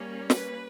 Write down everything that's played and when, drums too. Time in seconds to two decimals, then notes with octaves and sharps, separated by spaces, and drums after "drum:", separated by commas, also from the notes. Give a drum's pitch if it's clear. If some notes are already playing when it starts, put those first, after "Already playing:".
Already playing: G3 A#3 C#4
0.30 B4, drum: snare